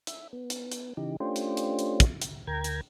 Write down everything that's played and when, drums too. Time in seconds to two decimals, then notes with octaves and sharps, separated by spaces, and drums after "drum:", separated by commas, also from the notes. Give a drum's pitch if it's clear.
0.07 E5, drum: hi-hat
0.33 B3
0.50 drum: hi-hat
0.72 drum: hi-hat
0.97 C#3 E3 D#4 G4
1.20 A3 C#4 D4 F4 G4 C5
1.36 drum: hi-hat
1.57 drum: hi-hat
1.79 drum: hi-hat
2.00 drum: kick, hi-hat
2.21 drum: hi-hat
2.47 D2 A#4 G5 A#5 G#6
2.64 drum: hi-hat